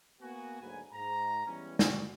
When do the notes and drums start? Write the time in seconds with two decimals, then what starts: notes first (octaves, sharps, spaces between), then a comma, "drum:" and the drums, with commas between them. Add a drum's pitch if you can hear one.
0.21 A#3 B3 F#4 G#5
0.61 D2 G#2 F#3 A#3 B4 G#5
0.93 G#2 A#5
1.46 E3 G3 G#3 B3 C#4
1.79 F#4 D5 F5, drum: snare